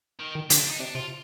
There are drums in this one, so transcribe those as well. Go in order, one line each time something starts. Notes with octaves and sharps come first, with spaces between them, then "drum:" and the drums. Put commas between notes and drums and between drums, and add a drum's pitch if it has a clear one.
D#3
D#3
D3 C4, drum: hi-hat
D4
D#4
C3 D4
C3 F4